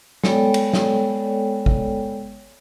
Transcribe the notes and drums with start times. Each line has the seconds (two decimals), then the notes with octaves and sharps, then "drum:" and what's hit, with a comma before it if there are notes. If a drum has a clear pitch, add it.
0.24 G#3 B3 A4 C#5 D5 G5, drum: snare
0.54 drum: cymbal
0.73 drum: snare
1.66 drum: kick G#1